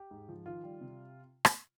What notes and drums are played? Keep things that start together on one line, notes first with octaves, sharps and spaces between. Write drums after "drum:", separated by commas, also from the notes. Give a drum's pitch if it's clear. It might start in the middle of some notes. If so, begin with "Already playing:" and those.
Already playing: G4
G#2
F3
D#3 F4
G3
C3
drum: rim click